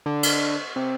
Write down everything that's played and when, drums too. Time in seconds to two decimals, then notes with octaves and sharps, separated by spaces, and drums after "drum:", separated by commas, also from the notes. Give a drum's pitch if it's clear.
0.06 D3
0.23 drum: cymbal
0.76 C3